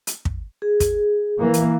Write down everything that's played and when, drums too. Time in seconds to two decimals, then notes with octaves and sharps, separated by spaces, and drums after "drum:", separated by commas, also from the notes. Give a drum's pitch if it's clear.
0.07 drum: hi-hat
0.25 drum: kick
0.62 G#4
0.80 drum: kick, hi-hat
1.38 E3 A#3
1.54 drum: hi-hat